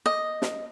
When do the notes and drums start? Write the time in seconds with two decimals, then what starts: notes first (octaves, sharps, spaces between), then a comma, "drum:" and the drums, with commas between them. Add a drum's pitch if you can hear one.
0.06 D#5
0.42 drum: snare